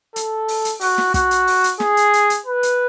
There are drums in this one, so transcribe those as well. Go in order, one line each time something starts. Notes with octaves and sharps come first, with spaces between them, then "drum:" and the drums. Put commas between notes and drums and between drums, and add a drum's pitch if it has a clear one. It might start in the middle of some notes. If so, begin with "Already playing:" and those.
A4, drum: hi-hat
drum: open hi-hat
drum: hi-hat
F#4, drum: open hi-hat
drum: snare
F#4, drum: kick, hi-hat
drum: hi-hat
drum: open hi-hat
drum: hi-hat
G#4, drum: snare
drum: hi-hat
drum: hi-hat
drum: hi-hat
B4
drum: hi-hat